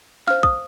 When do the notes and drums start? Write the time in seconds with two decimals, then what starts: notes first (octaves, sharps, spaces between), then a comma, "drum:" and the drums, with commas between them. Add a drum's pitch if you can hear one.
0.27 C5 F5 F6, drum: snare
0.43 D#6, drum: kick